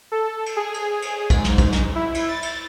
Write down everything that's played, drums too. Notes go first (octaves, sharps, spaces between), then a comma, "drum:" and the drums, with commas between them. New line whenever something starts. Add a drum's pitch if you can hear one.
A4
drum: cymbal
G#4
drum: cymbal
drum: cymbal
G#2, drum: kick, cymbal
drum: snare
drum: kick, cymbal
drum: snare
E4
drum: cymbal
A6
drum: cymbal